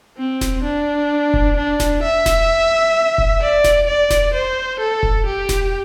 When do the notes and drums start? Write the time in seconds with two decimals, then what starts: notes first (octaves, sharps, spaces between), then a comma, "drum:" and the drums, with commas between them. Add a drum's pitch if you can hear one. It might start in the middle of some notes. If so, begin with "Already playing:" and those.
0.18 C4
0.41 drum: snare E1
0.64 D4
1.34 drum: kick F1
1.56 D4
1.80 drum: snare E1
2.03 E5
2.26 drum: snare E1
3.18 drum: kick F1
3.41 D5
3.64 drum: snare E1
3.87 D5
4.10 drum: snare E1
4.34 C5
4.80 A4
5.03 drum: kick F1
5.26 G4
5.49 drum: snare E1